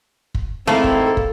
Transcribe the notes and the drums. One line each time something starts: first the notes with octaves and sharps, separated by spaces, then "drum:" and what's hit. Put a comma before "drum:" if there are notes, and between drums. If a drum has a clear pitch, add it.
drum: kick
G#2 D#3 A3 A#3 C4 E4 A4
drum: kick
drum: kick